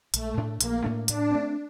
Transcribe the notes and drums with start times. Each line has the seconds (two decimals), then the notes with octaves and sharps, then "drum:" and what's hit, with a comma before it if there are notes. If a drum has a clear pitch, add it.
0.14 A#1 A3, drum: hi-hat
0.37 A2 A3 D4
0.61 A#1 A#3, drum: hi-hat
0.84 A2 A3 D4
1.08 A2 D4, drum: hi-hat
1.31 A3 C4